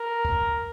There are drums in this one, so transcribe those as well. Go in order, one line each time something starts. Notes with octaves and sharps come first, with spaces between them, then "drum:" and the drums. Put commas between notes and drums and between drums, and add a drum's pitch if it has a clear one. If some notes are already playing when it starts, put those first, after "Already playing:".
Already playing: A#4
drum: kick